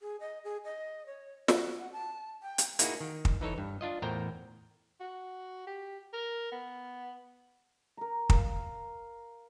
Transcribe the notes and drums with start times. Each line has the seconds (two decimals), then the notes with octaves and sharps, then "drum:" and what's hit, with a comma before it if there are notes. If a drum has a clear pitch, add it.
0.01 G#4
0.20 D#5
0.44 G#4
0.65 D#5
1.06 C#5
1.48 F#4, drum: snare
1.80 F#5
1.93 A5
2.43 G5
2.58 drum: hi-hat
2.79 A#3 D#4 E4 F#4 G#4, drum: hi-hat
3.00 D#3
3.25 drum: kick
3.41 E3 D#4 A4 C#5
3.58 G2
3.81 D4 F4 D#5
4.02 E2 A2 A#4 C5 G5 A#5
5.00 F#4
5.67 G4
6.13 A#4
6.52 B3
7.97 A#4 A#5
8.30 A#4 F5, drum: kick